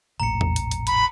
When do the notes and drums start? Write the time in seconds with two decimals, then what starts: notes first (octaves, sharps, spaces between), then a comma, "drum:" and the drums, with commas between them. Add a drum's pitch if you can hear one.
0.20 F1 A#1 A2 A#5 C#7
0.41 drum: tom E2
0.56 drum: hi-hat
0.71 drum: hi-hat
0.87 B5, drum: hi-hat